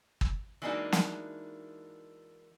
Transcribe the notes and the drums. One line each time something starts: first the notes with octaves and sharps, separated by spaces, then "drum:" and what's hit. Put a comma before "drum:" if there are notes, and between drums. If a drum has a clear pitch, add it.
drum: kick
E3 G#3 A#3 D4 D#4 F#4
drum: snare